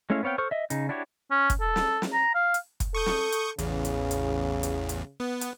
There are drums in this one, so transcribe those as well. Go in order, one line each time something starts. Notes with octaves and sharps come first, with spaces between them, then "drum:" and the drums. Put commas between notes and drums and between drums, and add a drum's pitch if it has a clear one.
G#3 A3 C#4 E4 F5
B3 C4 C#5 F5 G5
A4 C5 C#6 F6
D#5 E5
C#3 D#4, drum: hi-hat
D4 E4 F#4 G4 C#5
C#4
drum: kick, hi-hat
A4
drum: snare
drum: snare
A#5
F5
drum: hi-hat
drum: kick, hi-hat
A4 C#6 D#6 G6
drum: snare
drum: hi-hat
A1 E2 C#3, drum: hi-hat
drum: hi-hat
drum: hi-hat
drum: hi-hat
drum: hi-hat
B3
drum: hi-hat